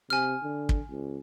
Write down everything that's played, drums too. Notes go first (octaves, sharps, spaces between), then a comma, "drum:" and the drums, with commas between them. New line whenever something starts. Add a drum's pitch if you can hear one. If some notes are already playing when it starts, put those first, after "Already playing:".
C3 G#5 F6
D3
drum: kick
C#2